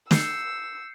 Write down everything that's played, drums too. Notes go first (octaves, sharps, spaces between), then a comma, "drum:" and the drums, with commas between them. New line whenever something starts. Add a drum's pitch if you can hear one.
E6 G6 C7 C#7, drum: snare